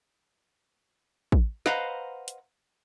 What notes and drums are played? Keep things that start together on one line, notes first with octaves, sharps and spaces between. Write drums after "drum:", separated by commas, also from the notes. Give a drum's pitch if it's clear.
drum: kick A1
B4 C5 D#5 F5 F#5 A#5, drum: snare
drum: hi-hat